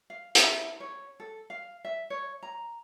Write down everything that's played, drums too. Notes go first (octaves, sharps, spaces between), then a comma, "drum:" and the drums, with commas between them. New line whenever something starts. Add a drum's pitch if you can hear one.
F5
E4, drum: hi-hat
C#5
A4
F5
E5
C#5
A#5